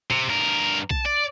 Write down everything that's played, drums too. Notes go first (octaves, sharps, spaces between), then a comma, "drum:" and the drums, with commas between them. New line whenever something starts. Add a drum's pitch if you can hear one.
C3, drum: tom
G2 A#4
A5, drum: kick B1
D5